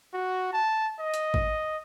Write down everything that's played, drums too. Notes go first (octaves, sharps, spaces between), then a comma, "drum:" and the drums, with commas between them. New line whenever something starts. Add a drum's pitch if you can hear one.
F#4
A5
D#5
drum: hi-hat
drum: kick G#1